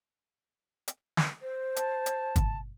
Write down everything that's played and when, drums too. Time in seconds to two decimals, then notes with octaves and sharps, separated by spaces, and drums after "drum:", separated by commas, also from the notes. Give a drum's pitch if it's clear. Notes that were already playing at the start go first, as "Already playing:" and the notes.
0.88 drum: hi-hat
1.17 drum: snare
1.42 C5
1.76 A5, drum: hi-hat
2.06 drum: hi-hat
2.36 drum: kick, hi-hat